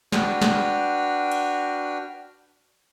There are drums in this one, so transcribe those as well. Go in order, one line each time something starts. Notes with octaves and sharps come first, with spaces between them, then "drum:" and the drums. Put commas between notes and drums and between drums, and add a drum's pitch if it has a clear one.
D4 F#4 B4 G5 F6, drum: snare
drum: snare
drum: cymbal